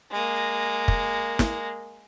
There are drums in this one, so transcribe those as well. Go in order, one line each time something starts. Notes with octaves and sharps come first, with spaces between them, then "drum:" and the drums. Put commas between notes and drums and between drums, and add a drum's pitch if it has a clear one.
G#3 A#3
drum: kick
drum: snare